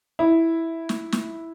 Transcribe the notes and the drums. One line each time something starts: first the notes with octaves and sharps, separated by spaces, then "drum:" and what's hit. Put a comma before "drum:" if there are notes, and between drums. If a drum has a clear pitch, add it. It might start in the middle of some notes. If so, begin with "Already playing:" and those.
E4
drum: snare
drum: snare